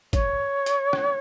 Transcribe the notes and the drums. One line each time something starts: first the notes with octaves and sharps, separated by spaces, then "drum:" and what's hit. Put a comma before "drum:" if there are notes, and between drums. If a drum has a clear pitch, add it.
C#5, drum: kick, hi-hat
drum: hi-hat
drum: rim click